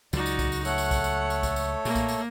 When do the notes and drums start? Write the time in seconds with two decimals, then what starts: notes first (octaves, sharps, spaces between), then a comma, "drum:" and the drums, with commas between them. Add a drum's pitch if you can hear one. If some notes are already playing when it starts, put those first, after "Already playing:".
0.13 C#2 F#3 D#4 F#4 D5, drum: tambourine
0.26 drum: tambourine
0.39 drum: kick B1, tambourine
0.52 drum: tambourine
0.65 A3 A4 C#5 F#5, drum: tambourine
0.78 drum: tambourine
0.91 drum: kick B1, tambourine
1.04 drum: tambourine
1.30 drum: tambourine
1.43 drum: kick B1, tambourine
1.56 drum: tambourine
1.85 A#2 A#3, drum: tambourine
1.95 drum: kick B1, tambourine
2.08 drum: tambourine